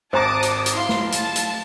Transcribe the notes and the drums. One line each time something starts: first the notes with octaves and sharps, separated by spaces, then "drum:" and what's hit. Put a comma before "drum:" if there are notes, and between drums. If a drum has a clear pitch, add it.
G#1 C5 A5 A#5 D6 D#6 A#6
drum: hi-hat
drum: hi-hat
E4 F5 C6
drum: snare
A5, drum: hi-hat
drum: hi-hat